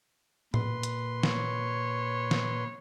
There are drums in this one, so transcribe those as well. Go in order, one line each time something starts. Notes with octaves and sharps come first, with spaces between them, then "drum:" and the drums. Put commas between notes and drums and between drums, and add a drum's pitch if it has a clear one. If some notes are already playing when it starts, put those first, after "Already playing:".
A#2 B4 C6, drum: tom A2
drum: hi-hat
C#5, drum: snare
drum: snare